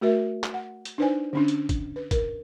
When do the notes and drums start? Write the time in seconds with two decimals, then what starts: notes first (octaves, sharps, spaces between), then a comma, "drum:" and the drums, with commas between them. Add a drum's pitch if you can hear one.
0.01 A3 F#4 A#4 E5
0.44 drum: clap
0.54 F#5
0.85 drum: hi-hat
0.98 D4 D#4 B4 C5 D5 G#5
1.33 D3 C#4 D4
1.48 drum: hi-hat
1.69 drum: kick, hi-hat
1.96 B4
2.11 A#4, drum: kick, hi-hat